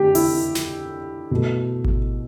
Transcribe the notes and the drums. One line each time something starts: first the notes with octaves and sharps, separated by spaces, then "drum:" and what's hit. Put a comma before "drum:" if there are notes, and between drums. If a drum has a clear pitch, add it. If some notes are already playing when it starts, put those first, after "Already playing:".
Already playing: D3 A3 G4
E4, drum: open hi-hat
drum: snare
B2 A3
drum: kick G#1